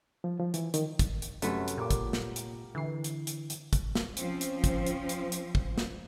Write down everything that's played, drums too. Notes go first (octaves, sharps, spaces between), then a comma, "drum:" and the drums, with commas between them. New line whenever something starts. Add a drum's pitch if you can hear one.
F3
F3
E3, drum: hi-hat
D#3, drum: hi-hat
drum: kick, hi-hat
drum: hi-hat
F#2 C3 G3 A3 B4 C#5 F#5 C#6, drum: hi-hat
drum: hi-hat
A#2 G4 A#4 D6
drum: kick, hi-hat
drum: snare
drum: hi-hat
D3 E3 C7
drum: hi-hat
drum: hi-hat
drum: hi-hat
drum: kick, hi-hat
drum: snare
F3 C4 C#4, drum: hi-hat
drum: hi-hat
drum: kick, hi-hat
drum: hi-hat
drum: hi-hat
drum: hi-hat
drum: kick
drum: snare